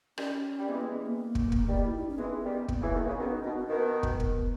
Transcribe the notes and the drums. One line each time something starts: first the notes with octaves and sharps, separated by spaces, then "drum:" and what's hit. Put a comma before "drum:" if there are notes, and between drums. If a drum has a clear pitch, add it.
D#3 G3 C#4, drum: rim click
G3
E3 G#3 B3
A#3
B3
A#3
drum: kick
drum: kick
D#3 G3
G4
E4
D#4
C#4
E3 G#3 B3
D#3 G3
A#3, drum: kick
C#3 E3
B2 D#3 B3
A#2 C#3
B2 D#3 C#4
D#4
B2 B3
B3
B2 D#3
drum: kick
drum: kick